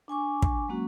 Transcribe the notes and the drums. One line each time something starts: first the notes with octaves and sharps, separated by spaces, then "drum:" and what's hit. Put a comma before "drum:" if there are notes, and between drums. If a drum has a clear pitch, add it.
D4 G#5 C#6 D6
drum: kick
F#3 G#3 A#3 C#4 F#4